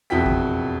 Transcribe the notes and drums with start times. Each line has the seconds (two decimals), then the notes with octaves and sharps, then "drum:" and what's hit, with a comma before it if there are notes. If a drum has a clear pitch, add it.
0.10 E1 F2 E4 F#4 G5 B6
0.26 drum: kick G#1